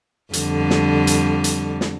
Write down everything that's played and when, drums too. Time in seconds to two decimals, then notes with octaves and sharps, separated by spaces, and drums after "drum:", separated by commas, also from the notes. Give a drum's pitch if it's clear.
0.33 F2 D3 G3, drum: hi-hat
0.70 drum: snare
1.07 drum: hi-hat
1.44 drum: hi-hat
1.81 drum: snare